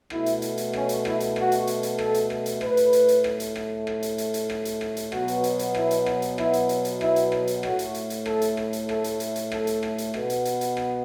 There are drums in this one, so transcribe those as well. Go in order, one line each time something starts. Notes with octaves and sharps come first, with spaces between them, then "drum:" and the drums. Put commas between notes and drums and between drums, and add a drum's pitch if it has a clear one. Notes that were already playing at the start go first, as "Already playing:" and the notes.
B2 A3 E4, drum: rim click
drum: hi-hat
drum: hi-hat
drum: hi-hat
C#4, drum: rim click
drum: hi-hat
E4, drum: rim click
drum: hi-hat
F#4, drum: rim click
drum: hi-hat
drum: hi-hat
drum: hi-hat
A4, drum: rim click
drum: hi-hat
drum: rim click
drum: hi-hat
A2 A3 B4, drum: rim click
drum: hi-hat
drum: hi-hat
drum: hi-hat
drum: rim click
drum: hi-hat
drum: rim click
drum: rim click
drum: hi-hat
drum: hi-hat
drum: hi-hat
drum: rim click
drum: hi-hat
drum: rim click
drum: hi-hat
B2 F#3 B3 F#4, drum: rim click
drum: hi-hat
drum: hi-hat
drum: hi-hat
E4, drum: rim click
drum: hi-hat
drum: rim click
drum: hi-hat
E4, drum: rim click
drum: hi-hat
drum: hi-hat
drum: hi-hat
E4, drum: rim click
drum: hi-hat
drum: rim click
drum: hi-hat
A2 A3 F#4, drum: rim click
drum: hi-hat
drum: hi-hat
drum: hi-hat
A4, drum: rim click
drum: hi-hat
drum: rim click
drum: hi-hat
A4, drum: rim click
drum: hi-hat
drum: hi-hat
drum: hi-hat
A4, drum: rim click
drum: hi-hat
drum: rim click
drum: hi-hat
B2 B3, drum: rim click
drum: hi-hat
drum: hi-hat
drum: hi-hat
drum: rim click